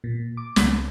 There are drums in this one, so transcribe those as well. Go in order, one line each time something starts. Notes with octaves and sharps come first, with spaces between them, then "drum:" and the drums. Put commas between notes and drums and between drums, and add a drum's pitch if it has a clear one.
A#2
D6
C#2, drum: snare